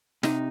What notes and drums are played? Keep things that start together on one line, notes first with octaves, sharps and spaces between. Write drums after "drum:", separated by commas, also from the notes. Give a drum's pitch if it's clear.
C3 D#4, drum: snare